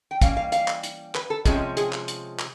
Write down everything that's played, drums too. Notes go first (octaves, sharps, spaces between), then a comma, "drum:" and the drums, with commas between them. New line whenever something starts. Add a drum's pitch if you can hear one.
G5
E3 G3 A#3 C#4 F5, drum: kick, hi-hat
F5
F5, drum: hi-hat
drum: clap
drum: hi-hat
B4, drum: clap
A4
C3 F3 G#3 C#4 G#4, drum: kick, hi-hat
G#4, drum: hi-hat
drum: clap
drum: hi-hat
drum: clap